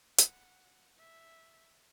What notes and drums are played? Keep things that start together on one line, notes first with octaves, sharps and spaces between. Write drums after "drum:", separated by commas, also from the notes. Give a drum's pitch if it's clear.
F#5, drum: hi-hat
E5